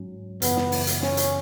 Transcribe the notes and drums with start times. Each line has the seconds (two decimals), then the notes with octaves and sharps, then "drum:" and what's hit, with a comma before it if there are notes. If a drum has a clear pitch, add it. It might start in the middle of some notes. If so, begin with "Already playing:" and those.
Already playing: G#2 F#3 C#4
0.42 F#2 C#3 E3 B3, drum: hi-hat
0.57 drum: snare
0.72 drum: open hi-hat
0.87 drum: hi-hat
1.02 C#4, drum: snare
1.17 drum: hi-hat